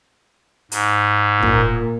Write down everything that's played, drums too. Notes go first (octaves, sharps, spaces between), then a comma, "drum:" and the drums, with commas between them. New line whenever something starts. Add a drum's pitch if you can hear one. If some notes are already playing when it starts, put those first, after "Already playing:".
G#2, drum: hi-hat
A#2, drum: kick